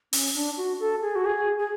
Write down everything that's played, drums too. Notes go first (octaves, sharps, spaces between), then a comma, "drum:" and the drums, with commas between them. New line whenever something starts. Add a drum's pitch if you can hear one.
C#4, drum: open hi-hat
D4
F#4
A4
G#4
F#4
G#4
G#4